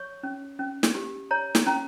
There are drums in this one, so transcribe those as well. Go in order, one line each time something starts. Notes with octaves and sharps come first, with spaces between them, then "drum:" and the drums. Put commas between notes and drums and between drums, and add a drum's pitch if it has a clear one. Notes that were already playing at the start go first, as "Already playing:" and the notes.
Already playing: C#5 C#6
C#4
C#4
drum: snare
G4
C#5 A#5
drum: snare
C#4 A#5